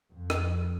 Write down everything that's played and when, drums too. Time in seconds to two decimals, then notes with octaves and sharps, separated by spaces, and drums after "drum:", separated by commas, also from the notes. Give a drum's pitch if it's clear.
0.12 F2
0.30 drum: rim click